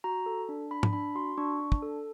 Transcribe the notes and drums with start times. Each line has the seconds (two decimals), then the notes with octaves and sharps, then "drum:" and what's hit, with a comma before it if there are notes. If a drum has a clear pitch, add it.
0.04 F#4 A#5
0.26 A4
0.49 D4
0.71 D4 B5
0.83 drum: tom
0.93 D4 B5
1.15 F#4 C6
1.38 D4 C#6
1.60 D4
1.72 drum: kick
1.82 A4